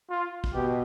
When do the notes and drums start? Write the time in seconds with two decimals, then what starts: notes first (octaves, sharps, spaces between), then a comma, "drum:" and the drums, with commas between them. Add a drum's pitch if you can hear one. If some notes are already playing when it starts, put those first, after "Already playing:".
0.10 F4
0.44 drum: kick
0.54 B2 G4